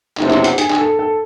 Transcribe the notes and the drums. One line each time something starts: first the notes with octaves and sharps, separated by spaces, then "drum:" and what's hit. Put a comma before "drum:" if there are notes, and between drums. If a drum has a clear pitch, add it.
F#1 E2 C3 D#4, drum: clap
E4, drum: clap
F#4, drum: hi-hat
G#4, drum: hi-hat
G#4, drum: clap
A4
A4